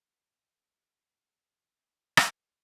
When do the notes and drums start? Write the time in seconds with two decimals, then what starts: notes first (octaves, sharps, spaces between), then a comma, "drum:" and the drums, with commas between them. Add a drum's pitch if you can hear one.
1.05 A3 E4
1.64 G5 D6
2.17 drum: rim click